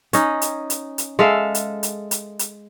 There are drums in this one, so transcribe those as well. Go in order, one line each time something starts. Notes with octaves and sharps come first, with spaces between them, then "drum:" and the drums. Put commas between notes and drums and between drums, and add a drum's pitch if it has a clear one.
C#4 D#4, drum: hi-hat
drum: hi-hat
drum: hi-hat
drum: hi-hat
G#3 A4 E5 F5
drum: hi-hat
drum: hi-hat
drum: hi-hat
drum: hi-hat